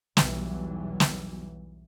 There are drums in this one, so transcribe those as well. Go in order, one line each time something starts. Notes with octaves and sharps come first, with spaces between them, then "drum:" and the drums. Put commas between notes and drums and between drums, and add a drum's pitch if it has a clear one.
B1 E2 E3 F#3 G3, drum: snare
drum: snare